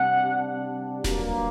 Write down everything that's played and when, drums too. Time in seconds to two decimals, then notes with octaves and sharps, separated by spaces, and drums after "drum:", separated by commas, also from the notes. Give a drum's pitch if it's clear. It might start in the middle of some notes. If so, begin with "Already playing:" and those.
Already playing: C3 G3 D4 F#5
1.04 G2 F#3 A#3, drum: snare D#1